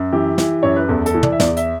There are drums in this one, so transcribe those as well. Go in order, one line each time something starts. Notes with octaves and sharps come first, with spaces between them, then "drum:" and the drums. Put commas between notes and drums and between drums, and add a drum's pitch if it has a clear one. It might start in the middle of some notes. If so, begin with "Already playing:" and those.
Already playing: F#2
E3 G4
E3, drum: snare
F#2 C#5
B4
E2 A4
A4, drum: hi-hat
E3
D5, drum: tom
E5
E2 D5, drum: snare
E5, drum: hi-hat